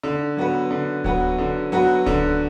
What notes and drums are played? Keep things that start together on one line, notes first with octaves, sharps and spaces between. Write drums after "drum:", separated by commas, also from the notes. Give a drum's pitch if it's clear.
D3
F#3 B3 F#4 B4
D3
F#3 B3 F#4 B4, drum: kick D1
D3
F#3 B3 F#4 B4
D3, drum: kick D1